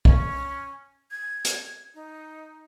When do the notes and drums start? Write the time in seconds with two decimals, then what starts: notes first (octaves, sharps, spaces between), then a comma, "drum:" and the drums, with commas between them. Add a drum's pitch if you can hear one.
0.05 C#4, drum: kick
1.11 G#6
1.45 drum: hi-hat
1.94 D#4